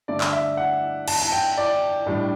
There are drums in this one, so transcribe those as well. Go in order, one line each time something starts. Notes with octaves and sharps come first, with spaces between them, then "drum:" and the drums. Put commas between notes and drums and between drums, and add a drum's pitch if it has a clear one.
G2 D3 A3 D5
drum: clap
E5
F#5
A5, drum: cymbal
A5
G5
D5
A2 G3 D4